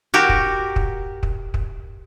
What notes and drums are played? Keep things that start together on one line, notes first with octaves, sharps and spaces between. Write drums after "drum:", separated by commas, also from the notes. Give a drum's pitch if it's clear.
F#4 G4 A#4
drum: kick
drum: kick
drum: kick
drum: kick